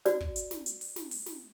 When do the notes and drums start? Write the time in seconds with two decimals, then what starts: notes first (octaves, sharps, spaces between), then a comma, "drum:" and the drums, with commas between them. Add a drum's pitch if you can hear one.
0.06 F#4 D5, drum: snare
0.21 drum: kick
0.36 drum: hi-hat
0.51 drum: snare
0.66 drum: hi-hat
0.81 drum: open hi-hat
0.96 drum: snare
1.11 drum: open hi-hat
1.26 drum: snare